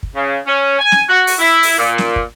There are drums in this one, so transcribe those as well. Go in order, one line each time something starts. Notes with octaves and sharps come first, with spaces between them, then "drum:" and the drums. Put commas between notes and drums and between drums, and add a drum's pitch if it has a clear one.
drum: kick
C#3
C#4
G#5
drum: snare
F#4
drum: open hi-hat
E4
drum: open hi-hat
A#2
drum: snare
drum: kick